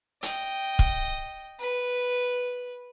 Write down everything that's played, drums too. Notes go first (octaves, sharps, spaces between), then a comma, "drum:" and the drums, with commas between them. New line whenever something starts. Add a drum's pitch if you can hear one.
D#5 G5, drum: hi-hat
drum: kick
B4